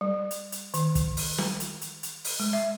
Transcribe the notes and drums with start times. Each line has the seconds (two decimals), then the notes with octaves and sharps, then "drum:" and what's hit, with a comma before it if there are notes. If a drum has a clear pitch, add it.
0.01 G3
0.31 drum: hi-hat
0.52 drum: hi-hat
0.74 D#3, drum: hi-hat
0.95 drum: kick, hi-hat
1.17 drum: open hi-hat
1.38 drum: snare
1.60 drum: hi-hat
1.81 drum: hi-hat
2.03 drum: hi-hat
2.24 drum: open hi-hat
2.40 G#3
2.53 E5